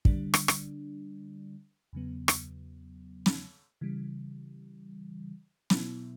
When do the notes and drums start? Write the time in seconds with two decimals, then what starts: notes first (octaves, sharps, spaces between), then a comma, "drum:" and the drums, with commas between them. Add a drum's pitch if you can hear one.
0.05 D3 G3 D4, drum: kick
0.34 drum: rim click
0.48 drum: rim click
1.93 E2 C#3 F#3 B3
2.28 drum: rim click
3.26 drum: snare
3.81 C#3 E3 G3
5.70 B2 F#3 B3 E4, drum: snare